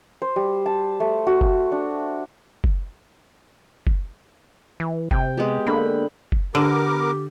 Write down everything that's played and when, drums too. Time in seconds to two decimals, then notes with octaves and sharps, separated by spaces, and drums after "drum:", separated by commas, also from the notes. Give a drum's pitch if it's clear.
0.22 C5
0.36 G3
0.66 A5
1.00 A3
1.27 F#4
1.41 drum: kick F#1
1.72 D4
2.64 drum: kick F#1
3.87 drum: kick F#1
4.80 E3
5.11 C3 G5, drum: kick F#1
5.37 G#3 B3 G4
5.66 D3 A#3 B5
6.32 drum: kick F#1
6.55 D3 B3 G4 A#4 D6